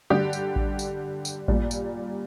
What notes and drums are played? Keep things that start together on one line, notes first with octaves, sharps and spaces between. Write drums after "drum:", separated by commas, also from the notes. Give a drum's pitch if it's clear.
D3 G3 G4
drum: tambourine
drum: kick A1
drum: tambourine
drum: tambourine
A#2 G3, drum: kick A1
drum: tambourine